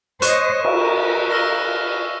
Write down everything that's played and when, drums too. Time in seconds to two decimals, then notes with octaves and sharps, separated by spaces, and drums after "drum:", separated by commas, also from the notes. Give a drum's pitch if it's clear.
0.22 C5 C#5 D#5 C#6 F#6 E7, drum: hi-hat
0.65 A#4, drum: cymbal
1.31 E6 F6 A#6